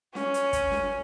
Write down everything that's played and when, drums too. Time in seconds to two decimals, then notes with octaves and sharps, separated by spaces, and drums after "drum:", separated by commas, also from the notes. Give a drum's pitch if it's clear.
0.15 C#4, drum: snare
0.34 drum: hi-hat
0.53 drum: kick, hi-hat
0.72 drum: snare